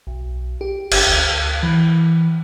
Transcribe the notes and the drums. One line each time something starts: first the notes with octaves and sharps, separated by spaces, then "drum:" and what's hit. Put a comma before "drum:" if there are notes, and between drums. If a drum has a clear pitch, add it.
B1
G4
G1, drum: cymbal
D2
E3